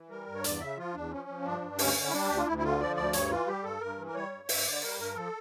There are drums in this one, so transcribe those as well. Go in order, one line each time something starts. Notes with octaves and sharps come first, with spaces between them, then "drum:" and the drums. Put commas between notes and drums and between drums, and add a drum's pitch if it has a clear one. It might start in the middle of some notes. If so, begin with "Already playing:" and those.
Already playing: E3
G3 A#4
G2
C#5
E2 D5, drum: hi-hat
C#3 E5
F3 F4
E2 D4
F3 C#4
F3
G2 D4
G2
D2 C#4, drum: open hi-hat
D3
E4
G3 D4
D2 G4
F4
D2 E4
E4
D3 F4
F3 D5
D2 D5
G2 C#5, drum: hi-hat
E3 F4
G3 G4
G2 A4
G2 A#4
E3
A#4
G3 C#5
G2
G2 E5, drum: open hi-hat
D3 D5
G3 A#4
G2 A#4
F3 A4